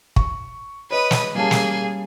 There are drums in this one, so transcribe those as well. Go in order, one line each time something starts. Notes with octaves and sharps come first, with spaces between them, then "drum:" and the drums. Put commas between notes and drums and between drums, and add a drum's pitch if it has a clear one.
C#6, drum: kick
B4 C#5 D#5 B5 D#6
drum: snare
G3 A#3 C#4 G#4 A5
drum: snare